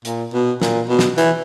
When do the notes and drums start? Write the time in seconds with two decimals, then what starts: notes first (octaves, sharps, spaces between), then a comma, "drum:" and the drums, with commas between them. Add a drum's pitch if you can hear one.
0.05 A#2, drum: hi-hat
0.34 B2
0.62 A#2, drum: snare
0.89 B2
0.99 drum: snare
1.18 E3, drum: hi-hat